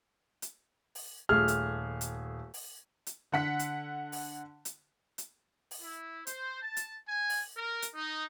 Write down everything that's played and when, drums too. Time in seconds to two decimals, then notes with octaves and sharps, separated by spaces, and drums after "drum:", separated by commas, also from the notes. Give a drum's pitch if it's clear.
0.42 drum: hi-hat
0.95 drum: open hi-hat
1.29 D#1 A3 G#4 F6
1.48 drum: hi-hat
2.01 drum: hi-hat
2.54 drum: open hi-hat
3.07 drum: hi-hat
3.32 D3 F#5 B6
3.59 drum: hi-hat
4.12 drum: open hi-hat
4.65 drum: hi-hat
5.18 drum: hi-hat
5.71 drum: open hi-hat
5.81 E4
6.27 C5, drum: hi-hat
6.62 A5
6.77 drum: hi-hat
7.08 G#5
7.29 drum: open hi-hat
7.56 A#4
7.82 drum: hi-hat
7.95 D#4